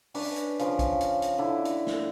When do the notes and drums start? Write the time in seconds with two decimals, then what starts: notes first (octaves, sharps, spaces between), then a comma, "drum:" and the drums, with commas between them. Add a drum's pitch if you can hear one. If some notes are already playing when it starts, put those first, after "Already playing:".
0.14 C#4 D4 B4, drum: open hi-hat
0.36 drum: hi-hat
0.59 C#3 F3, drum: hi-hat
0.79 drum: kick A#1, hi-hat
1.01 drum: hi-hat
1.22 drum: hi-hat
1.38 D3 E4 D5
1.65 drum: hi-hat
1.87 drum: snare